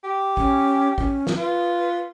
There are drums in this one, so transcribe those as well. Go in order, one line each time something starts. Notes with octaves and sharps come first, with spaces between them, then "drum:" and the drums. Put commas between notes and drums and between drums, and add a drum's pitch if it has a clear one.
G4
C#4, drum: kick
C#4, drum: kick
drum: snare
F4 B4